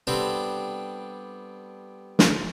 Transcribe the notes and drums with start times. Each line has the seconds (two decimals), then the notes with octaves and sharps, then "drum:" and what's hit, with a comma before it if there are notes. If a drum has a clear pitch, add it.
0.07 G3 B3 C4 D4 G4 A4
2.19 drum: snare